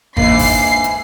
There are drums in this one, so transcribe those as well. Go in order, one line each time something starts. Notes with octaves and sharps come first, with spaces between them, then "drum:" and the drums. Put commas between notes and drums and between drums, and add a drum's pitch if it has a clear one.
G#2 E3 A#3 D4 D#4 C7, drum: kick
drum: kick, open hi-hat
drum: hi-hat